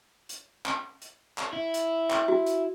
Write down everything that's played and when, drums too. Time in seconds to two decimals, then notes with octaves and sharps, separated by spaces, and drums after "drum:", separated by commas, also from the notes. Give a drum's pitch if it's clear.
0.29 drum: hi-hat
0.66 drum: clap
1.02 drum: hi-hat
1.38 drum: clap
1.53 E4
1.74 drum: hi-hat
2.10 drum: clap
2.28 F#4
2.46 drum: hi-hat